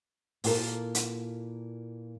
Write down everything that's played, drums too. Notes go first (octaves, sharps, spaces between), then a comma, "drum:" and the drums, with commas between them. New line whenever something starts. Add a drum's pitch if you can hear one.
A#2 E3 A#3 F4 A4 A#4, drum: open hi-hat
drum: hi-hat